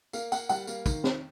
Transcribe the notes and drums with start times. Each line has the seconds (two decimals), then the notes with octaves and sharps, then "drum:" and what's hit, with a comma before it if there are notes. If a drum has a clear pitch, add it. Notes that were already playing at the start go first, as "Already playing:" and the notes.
0.13 A#3 F5, drum: tambourine
0.32 A#3 F#5, drum: tambourine
0.49 G3 F#5, drum: tambourine
0.67 A#3 F5, drum: tambourine
0.86 D#3, drum: kick, tambourine
1.04 drum: snare